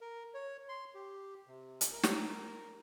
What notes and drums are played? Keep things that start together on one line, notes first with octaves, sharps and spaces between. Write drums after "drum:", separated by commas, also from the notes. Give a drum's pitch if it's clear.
A#4
C#5
C6
G4
C3
drum: hi-hat
A#4
drum: snare